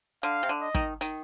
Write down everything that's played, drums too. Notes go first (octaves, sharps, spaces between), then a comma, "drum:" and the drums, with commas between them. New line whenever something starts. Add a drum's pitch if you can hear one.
D3 F5
C3
D3
D#5
D#3, drum: kick
D#3, drum: hi-hat